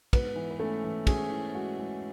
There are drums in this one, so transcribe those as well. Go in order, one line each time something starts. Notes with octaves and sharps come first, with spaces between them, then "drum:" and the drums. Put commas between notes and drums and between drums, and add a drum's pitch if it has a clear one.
G#2 B3 B4, drum: kick, cymbal
E3
B4
A3 C#4 A4
E3
C#4 G#4, drum: kick, cymbal
E3
G#3 F#4
G#3